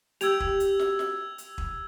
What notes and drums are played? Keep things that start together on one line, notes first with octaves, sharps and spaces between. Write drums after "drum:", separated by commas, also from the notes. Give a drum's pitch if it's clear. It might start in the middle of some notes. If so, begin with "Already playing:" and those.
G4 E6 G#6 F7, drum: hi-hat
drum: kick
drum: hi-hat
drum: snare
drum: snare
drum: hi-hat
drum: kick